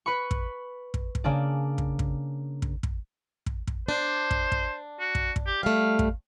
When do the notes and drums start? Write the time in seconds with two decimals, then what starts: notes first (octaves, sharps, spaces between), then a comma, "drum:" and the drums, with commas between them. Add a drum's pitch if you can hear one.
0.06 B4 B5 C#6
0.31 drum: kick
0.94 drum: kick
1.15 drum: kick
1.24 C#3 A#3 D4 D5
1.78 drum: kick
1.99 drum: kick
2.62 drum: kick
2.83 drum: kick
3.46 drum: kick
3.67 drum: kick
3.89 D4 C5
4.31 drum: kick
4.52 drum: kick
5.00 F#4
5.15 drum: kick
5.36 drum: kick
5.46 G4
5.63 G3 A3 F5
5.99 drum: kick